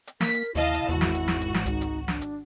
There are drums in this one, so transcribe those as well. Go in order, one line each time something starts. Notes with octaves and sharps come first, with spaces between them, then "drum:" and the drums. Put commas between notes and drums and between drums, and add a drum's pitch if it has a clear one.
drum: hi-hat
A#3 A#4 B6, drum: snare
drum: hi-hat
D#2 E4 D#5 F5 A5
drum: hi-hat
G#1 E2 F#4
drum: snare
drum: hi-hat
drum: snare
drum: hi-hat
drum: snare
C#2 D#4, drum: hi-hat
drum: hi-hat
D4, drum: snare
drum: hi-hat